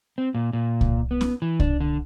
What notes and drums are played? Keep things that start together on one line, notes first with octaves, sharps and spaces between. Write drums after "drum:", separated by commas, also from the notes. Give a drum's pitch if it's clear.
C4
A#2
A#2
drum: kick C2
B3
drum: snare C#4
E3
D4, drum: kick C2
D3